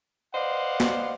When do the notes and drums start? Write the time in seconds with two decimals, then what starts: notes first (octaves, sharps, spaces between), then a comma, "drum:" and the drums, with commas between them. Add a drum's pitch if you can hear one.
0.34 B4 C5 D5 D#5 F5 F#5
0.80 drum: snare